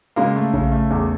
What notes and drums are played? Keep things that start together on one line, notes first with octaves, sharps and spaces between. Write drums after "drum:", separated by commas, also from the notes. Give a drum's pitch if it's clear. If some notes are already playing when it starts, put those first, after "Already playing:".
C#3 G#3 A#3
A3
C#3, drum: kick A#1
A3
E2